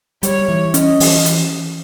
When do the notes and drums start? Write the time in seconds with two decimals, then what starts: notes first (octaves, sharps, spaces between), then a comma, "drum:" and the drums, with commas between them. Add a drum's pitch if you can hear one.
0.23 G3 C#5, drum: hi-hat
0.48 E3
0.74 C#4 D#5, drum: hi-hat
1.00 E3, drum: open hi-hat
1.26 drum: hi-hat